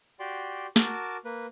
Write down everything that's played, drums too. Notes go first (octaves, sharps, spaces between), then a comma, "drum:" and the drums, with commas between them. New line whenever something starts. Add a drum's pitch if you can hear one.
F#4 G4 D5 G5 C6
F#4 A#4 A5 D6, drum: snare
A#3 B4